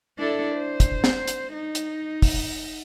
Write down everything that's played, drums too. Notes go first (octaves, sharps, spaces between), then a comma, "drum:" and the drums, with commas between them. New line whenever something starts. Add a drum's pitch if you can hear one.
D4 E4 A4
C5
drum: kick, hi-hat
drum: snare
drum: hi-hat
D#4
drum: hi-hat
drum: kick, open hi-hat